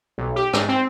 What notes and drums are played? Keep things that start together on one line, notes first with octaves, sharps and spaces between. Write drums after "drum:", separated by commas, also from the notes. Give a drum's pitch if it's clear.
B1
G4
G#2, drum: rim click
C4